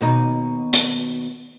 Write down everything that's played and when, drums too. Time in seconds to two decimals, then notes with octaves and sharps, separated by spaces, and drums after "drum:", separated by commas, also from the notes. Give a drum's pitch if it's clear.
0.01 D#2 B2 D#4
0.73 drum: hi-hat